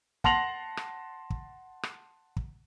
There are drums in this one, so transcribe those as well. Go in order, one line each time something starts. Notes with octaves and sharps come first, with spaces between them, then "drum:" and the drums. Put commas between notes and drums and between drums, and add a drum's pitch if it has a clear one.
F#5 A5 C6 A#6 F7 F#7, drum: kick
drum: rim click
drum: kick
drum: rim click
drum: kick